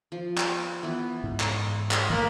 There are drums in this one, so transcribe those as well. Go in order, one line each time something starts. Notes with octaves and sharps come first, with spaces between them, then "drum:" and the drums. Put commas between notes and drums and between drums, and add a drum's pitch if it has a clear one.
F3
drum: clap
E3 B3
G#2
drum: clap
drum: clap
E3 A3 A#3 B4 E5 B5